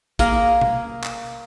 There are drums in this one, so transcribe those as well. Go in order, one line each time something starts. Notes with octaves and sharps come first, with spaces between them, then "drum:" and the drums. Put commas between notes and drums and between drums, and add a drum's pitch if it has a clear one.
A#3 G#4 A#4, drum: kick, hi-hat
drum: tom B2
drum: clap